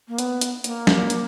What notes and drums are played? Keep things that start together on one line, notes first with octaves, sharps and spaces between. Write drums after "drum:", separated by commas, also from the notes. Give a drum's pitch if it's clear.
A#3
B3, drum: hi-hat
drum: hi-hat
A#3, drum: hi-hat
drum: snare
drum: hi-hat